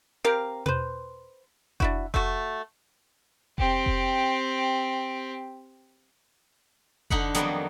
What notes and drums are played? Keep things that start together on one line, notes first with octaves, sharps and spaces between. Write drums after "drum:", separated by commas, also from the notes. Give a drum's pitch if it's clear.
C4 G4 A#4 F5
B4 C5, drum: tom
D4 E4 F#4, drum: kick F1
A3 F#4, drum: kick F1
C4 G4, drum: kick F1
drum: kick F1
D3 D4 D#4 F#5 B5, drum: kick F1
F2 D#3 F#3 G3 A#3 B3, drum: hi-hat